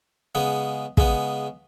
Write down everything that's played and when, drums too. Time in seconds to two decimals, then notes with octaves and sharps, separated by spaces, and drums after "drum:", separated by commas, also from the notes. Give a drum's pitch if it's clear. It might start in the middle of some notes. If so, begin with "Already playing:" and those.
0.35 C#3 G#3 B3
0.97 C#3 G#3 B3, drum: kick